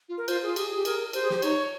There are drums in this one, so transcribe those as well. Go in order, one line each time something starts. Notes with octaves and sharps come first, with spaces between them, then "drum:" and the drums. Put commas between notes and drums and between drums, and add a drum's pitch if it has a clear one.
F4
A#4
F4 C5, drum: cymbal
F4 G#4
G4 G#4, drum: cymbal
G4 G#4
G#4 A#4, drum: cymbal
G4 C5, drum: cymbal
G#4
G4, drum: snare
C5
D#4 C#5, drum: cymbal